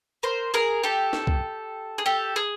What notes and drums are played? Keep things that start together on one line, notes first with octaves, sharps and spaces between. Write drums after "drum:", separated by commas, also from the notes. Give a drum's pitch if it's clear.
A#4 C5
G#4 A#4
G4 A4
drum: snare
drum: kick C2
G#4
G4 A4
G#4